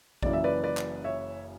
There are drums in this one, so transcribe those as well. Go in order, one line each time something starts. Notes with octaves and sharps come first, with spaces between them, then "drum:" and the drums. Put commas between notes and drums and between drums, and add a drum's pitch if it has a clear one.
F#1 F#2 C#3 E3 D5, drum: kick A#1
E5
B4 D5
B4 D5
drum: clap
C#5 E5